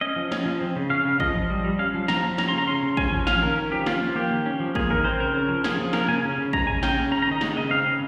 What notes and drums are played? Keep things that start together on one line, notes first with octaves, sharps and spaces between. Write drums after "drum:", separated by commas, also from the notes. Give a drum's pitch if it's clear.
C#4 D#5
F3
C#4, drum: snare
F3
C4
C#3
C#4 F5
C#3
F3 D#5, drum: kick A1
F3
G3
G3
C#4 F5
F3
F3 A#5, drum: snare
F3
C#4 A#5, drum: snare
C6
C#3 A#5
C#4 C6
C#3
C#4 G#5, drum: kick A1
F3
C#4 F5, drum: snare
D#3 A#4
C#4
F3 G4
C#4 F4, drum: snare
F3
A#3 G4
D#3
C#4
F3
A#3 G#4, drum: kick A1
D#3 A#4
C4 C5
C#3 A#4
C#4
F3
C#4 G#4, drum: snare
F3
A#3 A#4, drum: snare
C#3 G#5
C#4
C#3
G#3 A#5, drum: kick A1
C#3 G#5
C#4 G5, drum: snare
C#3
C#4 A#5
A#5
D#3
D#5
G#3, drum: snare
C#3 D#5
C4 F5
C#3